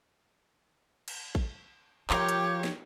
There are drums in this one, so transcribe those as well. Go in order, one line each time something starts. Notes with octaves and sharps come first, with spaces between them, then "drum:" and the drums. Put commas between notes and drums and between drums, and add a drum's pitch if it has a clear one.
drum: cymbal
drum: kick
F3 F4 G4 A#4 C#5 G5 D6, drum: clap
drum: hi-hat
drum: snare